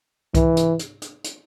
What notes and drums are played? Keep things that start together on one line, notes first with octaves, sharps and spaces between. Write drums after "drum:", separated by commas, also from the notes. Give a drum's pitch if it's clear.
E3, drum: kick C2, hi-hat
drum: hi-hat
drum: hi-hat
drum: hi-hat
drum: hi-hat